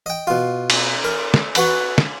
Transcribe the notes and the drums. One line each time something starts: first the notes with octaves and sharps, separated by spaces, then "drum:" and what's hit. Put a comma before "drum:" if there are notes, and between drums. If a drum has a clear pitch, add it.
D#5 G5
B2 F4
drum: cymbal
A#4
drum: snare
F#4 B4 F#5 B5, drum: cymbal
drum: snare